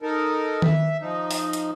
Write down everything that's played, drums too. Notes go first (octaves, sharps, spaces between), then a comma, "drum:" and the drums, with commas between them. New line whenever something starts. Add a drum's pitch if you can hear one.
D#4 A4 A#4
E5, drum: tom D#3
F3 D#4
drum: open hi-hat
drum: hi-hat